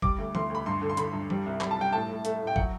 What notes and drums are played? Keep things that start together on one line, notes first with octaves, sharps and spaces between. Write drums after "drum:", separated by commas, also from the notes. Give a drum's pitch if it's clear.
G3 D6, drum: kick
D2
D2 C6, drum: tom E3
D2
B5
G2 C6
D3
C6
D3 B5, drum: hi-hat
G2
G3, drum: tom E3
C2
G3 B5, drum: clap
A5
G3 G5
A2 A5
A2
A3, drum: hi-hat
A2
G5
F#3 F#5, drum: kick